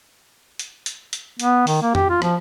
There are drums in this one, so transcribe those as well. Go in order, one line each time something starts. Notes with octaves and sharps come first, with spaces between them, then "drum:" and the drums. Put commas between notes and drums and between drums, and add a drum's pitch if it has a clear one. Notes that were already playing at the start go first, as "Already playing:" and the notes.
drum: hi-hat
drum: hi-hat
drum: hi-hat
B3, drum: hi-hat
D#3, drum: open hi-hat
A#3
G4, drum: tom F2
F4
F3, drum: rim click